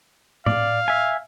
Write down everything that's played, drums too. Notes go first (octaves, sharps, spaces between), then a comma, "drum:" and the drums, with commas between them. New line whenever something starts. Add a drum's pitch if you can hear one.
D5 F5, drum: tom A2
E5 G#5